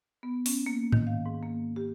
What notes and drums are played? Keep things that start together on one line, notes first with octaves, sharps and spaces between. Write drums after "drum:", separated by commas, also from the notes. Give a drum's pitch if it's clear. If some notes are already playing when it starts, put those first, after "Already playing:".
B3
C#4, drum: open hi-hat
A#3
D#3, drum: tom G#2
F5
G#2
A#3
G4